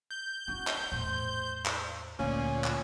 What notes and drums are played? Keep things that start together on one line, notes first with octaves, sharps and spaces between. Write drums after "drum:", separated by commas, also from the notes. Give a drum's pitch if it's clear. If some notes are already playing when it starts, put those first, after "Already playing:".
G6
C#4 E4 F#4
drum: clap
E2 A2 C5
drum: clap
D2 A#2 C#4 E4 G#5
drum: clap